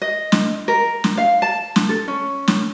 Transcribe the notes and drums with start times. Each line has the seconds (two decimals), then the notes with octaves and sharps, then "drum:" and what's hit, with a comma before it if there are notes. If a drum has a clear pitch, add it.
0.02 D#5
0.32 drum: snare
0.68 A#4
1.04 drum: snare
1.18 F5
1.42 A5
1.76 drum: snare
1.89 A4
2.08 C#4
2.48 drum: snare